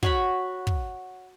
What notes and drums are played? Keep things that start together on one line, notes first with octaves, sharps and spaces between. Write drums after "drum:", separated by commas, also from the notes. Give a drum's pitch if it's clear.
F#4 C#5 F#5 B5, drum: kick
drum: kick